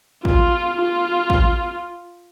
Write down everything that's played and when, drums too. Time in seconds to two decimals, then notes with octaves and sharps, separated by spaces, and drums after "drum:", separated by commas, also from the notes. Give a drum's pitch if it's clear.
0.25 F4, drum: kick
0.82 F4
1.30 drum: kick